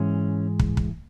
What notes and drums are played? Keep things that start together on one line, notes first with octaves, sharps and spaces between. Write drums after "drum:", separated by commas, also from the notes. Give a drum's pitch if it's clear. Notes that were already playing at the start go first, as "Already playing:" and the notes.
Already playing: G#2 E3 G#3 C#4
drum: kick
drum: kick